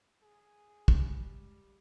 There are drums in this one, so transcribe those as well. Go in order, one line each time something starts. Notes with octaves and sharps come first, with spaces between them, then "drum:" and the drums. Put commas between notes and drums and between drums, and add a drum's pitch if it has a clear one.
G#4
F#2 G3 G#3, drum: kick